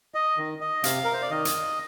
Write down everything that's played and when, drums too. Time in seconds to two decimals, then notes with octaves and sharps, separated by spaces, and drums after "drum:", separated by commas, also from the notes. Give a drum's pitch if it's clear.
0.14 D#5
0.38 D#3
0.60 D#5
0.84 C3 F5, drum: hi-hat
1.04 A#4
1.13 C5
1.22 D5
1.30 D#3 D#5
1.45 drum: hi-hat